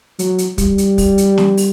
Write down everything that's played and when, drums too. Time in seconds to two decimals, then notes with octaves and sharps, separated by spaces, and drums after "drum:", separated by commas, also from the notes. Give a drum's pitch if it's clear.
0.19 F#3, drum: hi-hat
0.38 drum: hi-hat
0.58 G3, drum: kick, hi-hat
0.78 drum: hi-hat
0.98 drum: kick, open hi-hat
1.18 drum: hi-hat
1.38 drum: snare
1.57 drum: open hi-hat